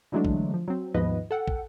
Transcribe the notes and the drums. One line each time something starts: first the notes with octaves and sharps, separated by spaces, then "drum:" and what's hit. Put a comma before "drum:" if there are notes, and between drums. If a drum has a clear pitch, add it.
D3 E3 F#3 G#3 A3 D4
drum: kick
F3
F#3 C4
D#2 G#2 F3 B3 B4 D#5
A4 F#5 G5
drum: kick